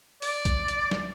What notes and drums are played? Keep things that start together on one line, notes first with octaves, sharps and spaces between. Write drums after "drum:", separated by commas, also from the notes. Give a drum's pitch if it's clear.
D5, drum: open hi-hat
drum: kick, hi-hat
drum: hi-hat
drum: snare